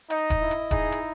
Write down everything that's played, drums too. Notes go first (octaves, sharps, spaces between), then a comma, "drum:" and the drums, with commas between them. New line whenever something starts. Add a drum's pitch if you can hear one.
D#4 D#5, drum: hi-hat
drum: kick D#1, hi-hat
E4
drum: hi-hat
D#4 G#4, drum: kick D#1, hi-hat
drum: hi-hat